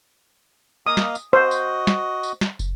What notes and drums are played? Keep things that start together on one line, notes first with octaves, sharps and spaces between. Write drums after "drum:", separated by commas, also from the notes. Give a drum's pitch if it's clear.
A#3 D#5 F5 D#6
drum: snare
drum: tambourine
F#4 C5 D#5
drum: tambourine
drum: snare
drum: tambourine
drum: snare
drum: kick, tambourine